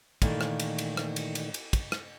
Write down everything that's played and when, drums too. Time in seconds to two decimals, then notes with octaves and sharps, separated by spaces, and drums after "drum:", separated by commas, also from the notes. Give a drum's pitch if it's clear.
0.22 A#2 D#3 E3 A3 A#3, drum: kick, cymbal
0.41 drum: rim click
0.60 drum: cymbal
0.78 drum: cymbal
0.97 drum: rim click
1.16 drum: cymbal
1.35 drum: cymbal
1.54 drum: cymbal
1.73 drum: kick, cymbal
1.92 drum: rim click